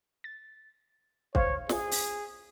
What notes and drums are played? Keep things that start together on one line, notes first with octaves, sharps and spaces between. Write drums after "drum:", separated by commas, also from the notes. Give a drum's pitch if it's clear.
A6
C5 C#5 F5, drum: kick C2
G#4, drum: snare
drum: open hi-hat